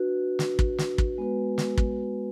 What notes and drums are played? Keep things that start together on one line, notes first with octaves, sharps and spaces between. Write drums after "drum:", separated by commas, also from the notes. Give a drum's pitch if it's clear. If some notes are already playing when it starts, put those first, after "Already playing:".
Already playing: D4 F#4 B4
drum: snare
drum: kick
drum: snare
drum: kick
G#3 B3 F#4 B4
drum: snare
drum: kick